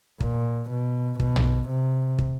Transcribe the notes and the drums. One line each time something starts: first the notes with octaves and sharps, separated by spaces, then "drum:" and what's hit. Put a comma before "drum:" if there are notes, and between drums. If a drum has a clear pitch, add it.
A#2, drum: kick
B2
B2, drum: kick
drum: tom
C3
drum: kick